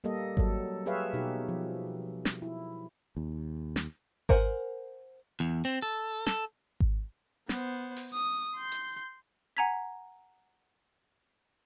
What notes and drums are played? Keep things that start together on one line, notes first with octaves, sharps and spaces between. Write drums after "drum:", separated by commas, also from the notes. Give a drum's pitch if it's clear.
G3 A#3 G4 A4 D#5
F#3 A4, drum: kick G#1
G4 G#4 B4 C#5 E5 F5
B2 D#4 G4
F3
drum: snare
E4
D#2
drum: snare
A#4 C5 F#5 G#5, drum: kick G#1
E2
C4
A4
A4, drum: snare
drum: kick G#1
B3 C5, drum: snare
drum: open hi-hat
D#6
C6 G6
drum: hi-hat
F#5 G#5 A#5 G#6 B6